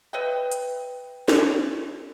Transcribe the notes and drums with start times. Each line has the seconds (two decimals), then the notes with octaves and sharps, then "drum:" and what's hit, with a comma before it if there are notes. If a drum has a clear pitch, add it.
0.13 B4 D#5 E5 G5
0.52 drum: hi-hat
1.28 drum: snare